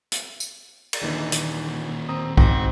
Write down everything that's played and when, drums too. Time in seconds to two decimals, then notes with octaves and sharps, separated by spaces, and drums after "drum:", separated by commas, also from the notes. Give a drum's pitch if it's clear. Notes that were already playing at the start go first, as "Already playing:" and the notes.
0.12 drum: hi-hat
0.40 drum: tambourine
0.93 drum: cymbal
1.03 D#2 A#2 D3 E3 D#4
1.32 drum: hi-hat
2.09 C4 A#5 D#6
2.37 G#2 C4 F#4 G5, drum: kick B1